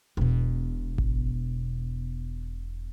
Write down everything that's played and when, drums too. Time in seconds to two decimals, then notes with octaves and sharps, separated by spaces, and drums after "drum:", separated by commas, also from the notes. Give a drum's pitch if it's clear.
0.17 E1 B2
0.98 drum: kick G#1